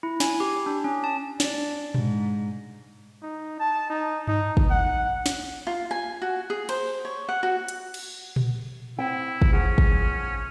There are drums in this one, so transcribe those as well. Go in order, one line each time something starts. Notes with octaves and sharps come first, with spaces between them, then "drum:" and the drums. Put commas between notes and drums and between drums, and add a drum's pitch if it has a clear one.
E4
G#5, drum: snare
G4
D4
C#4
A5
D4, drum: snare
G#2, drum: tom A#2
D#4
A5
D#4
D#4, drum: tom G2
drum: kick
F#5
drum: snare
F4
G#5
F#4
G#4
C5, drum: cymbal
C#5
F#5
F#4
drum: hi-hat
drum: cymbal
drum: tom A#2
C4 E4 G5
drum: kick
A1 F3 C#4 G#4 F#5
drum: kick